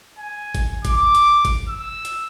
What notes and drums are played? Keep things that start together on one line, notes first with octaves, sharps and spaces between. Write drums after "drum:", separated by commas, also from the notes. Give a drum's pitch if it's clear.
G#5
drum: kick G1, hi-hat
D6, drum: kick G1, hi-hat
drum: hi-hat
drum: kick G1, hi-hat
E6
drum: hi-hat